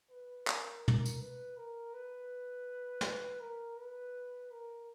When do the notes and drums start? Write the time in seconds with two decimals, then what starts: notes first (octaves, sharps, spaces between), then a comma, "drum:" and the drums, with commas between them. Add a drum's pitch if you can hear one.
0.10 B4
0.47 A#4, drum: clap
0.88 drum: tom
1.05 drum: tambourine
1.21 B4
1.57 A#4
1.93 B4
3.01 drum: snare
3.40 A#4
3.77 B4
4.51 A#4